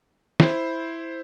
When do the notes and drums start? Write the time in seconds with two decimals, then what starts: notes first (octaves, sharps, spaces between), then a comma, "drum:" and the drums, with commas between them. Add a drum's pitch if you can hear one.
0.40 E4 C5, drum: snare